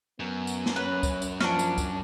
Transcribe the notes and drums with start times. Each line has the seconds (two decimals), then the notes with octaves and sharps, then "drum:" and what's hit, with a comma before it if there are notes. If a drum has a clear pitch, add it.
0.20 F#2 B3
0.47 drum: tambourine
0.66 drum: snare
0.76 C#4 B4
1.03 drum: kick, tambourine
1.22 drum: tambourine
1.40 F3 C#4 D4, drum: snare
1.59 drum: tambourine
1.78 drum: kick, tambourine